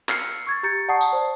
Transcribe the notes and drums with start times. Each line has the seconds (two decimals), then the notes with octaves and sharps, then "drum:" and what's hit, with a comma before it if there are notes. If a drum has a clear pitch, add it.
0.09 E6 F6 C7 C#7, drum: clap
0.47 C#6 G#6 A6
0.63 G4 A#5 G6 A6 C#7
0.88 D5 F#5 A5 C#6 D#6 C7
1.01 drum: tambourine
1.13 C5 D5